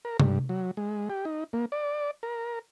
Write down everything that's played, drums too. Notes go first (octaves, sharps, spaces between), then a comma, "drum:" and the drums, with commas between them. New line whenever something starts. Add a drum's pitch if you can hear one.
A#4
G2, drum: tom C3
F#3
G#3
G4
D#4
A#3
D5
A#4